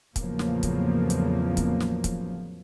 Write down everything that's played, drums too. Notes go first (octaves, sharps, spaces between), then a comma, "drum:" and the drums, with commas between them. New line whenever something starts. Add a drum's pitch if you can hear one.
E2 A2 C#3 F3 F#3 A#3, drum: kick, hi-hat
drum: snare
drum: kick, hi-hat
drum: hi-hat
drum: kick, hi-hat
drum: snare
drum: kick, hi-hat